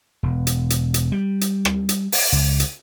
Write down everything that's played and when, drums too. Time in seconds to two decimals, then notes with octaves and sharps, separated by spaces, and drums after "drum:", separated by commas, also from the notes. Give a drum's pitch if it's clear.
0.23 E1
0.47 drum: hi-hat
0.70 drum: hi-hat
0.94 drum: hi-hat
1.12 G3
1.41 drum: hi-hat
1.65 drum: rim click
1.89 drum: hi-hat
2.12 drum: open hi-hat
2.32 C#2
2.60 drum: hi-hat